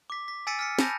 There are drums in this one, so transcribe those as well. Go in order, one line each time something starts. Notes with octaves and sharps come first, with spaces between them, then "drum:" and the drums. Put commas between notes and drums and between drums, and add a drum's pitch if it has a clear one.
D6 B6
B6
G#5 E6 A6 B6 C#7 D#7
F6 B6 C#7
G#5 A5 B5 G6 A#6, drum: snare